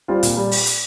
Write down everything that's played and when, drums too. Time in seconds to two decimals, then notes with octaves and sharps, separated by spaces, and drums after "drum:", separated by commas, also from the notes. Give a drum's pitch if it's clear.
0.08 G3 C4 F4
0.23 A#2, drum: hi-hat
0.37 G3
0.51 drum: open hi-hat
0.66 drum: hi-hat